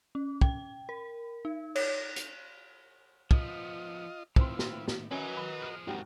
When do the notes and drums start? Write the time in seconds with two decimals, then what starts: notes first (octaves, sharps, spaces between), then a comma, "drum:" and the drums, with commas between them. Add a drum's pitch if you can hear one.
0.15 C#4
0.41 G5, drum: kick
0.89 A#4
1.45 D#4
1.75 C#5, drum: cymbal
2.16 F7, drum: hi-hat
3.31 F3 B3 F4 D#5, drum: kick
4.36 A2 D#3 C4 E4 F4 B4 C6, drum: kick
4.59 drum: snare
4.88 drum: snare
5.11 F#3 C#4 F#4 A#4 B4 D#5 G#5
5.37 B5
5.62 F3 G#4 F6
5.87 D#2 G#2 F#3 F#4 G4 A#4 G5